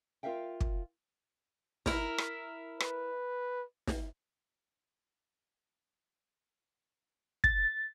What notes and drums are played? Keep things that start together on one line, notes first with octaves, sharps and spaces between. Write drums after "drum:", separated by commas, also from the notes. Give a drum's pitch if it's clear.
F4 A4 A#4 E5 F5 G5
drum: kick
E4 A#4, drum: snare
drum: rim click
B4, drum: rim click
drum: snare
A6, drum: kick